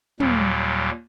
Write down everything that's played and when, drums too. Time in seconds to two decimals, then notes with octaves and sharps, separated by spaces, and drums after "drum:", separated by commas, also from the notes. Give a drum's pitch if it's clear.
0.20 D#2 A#2 F#3 G3, drum: tom